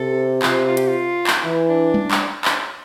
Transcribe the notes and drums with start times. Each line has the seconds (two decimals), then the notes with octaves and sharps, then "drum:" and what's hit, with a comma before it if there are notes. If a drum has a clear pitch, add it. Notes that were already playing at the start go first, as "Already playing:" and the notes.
Already playing: C3 A4
0.42 C3 F4, drum: clap
0.67 F4
0.77 G4, drum: hi-hat
0.88 F4
1.27 drum: clap
1.44 E3 E4
1.69 D4
1.94 drum: tom G3
2.11 drum: clap
2.45 drum: clap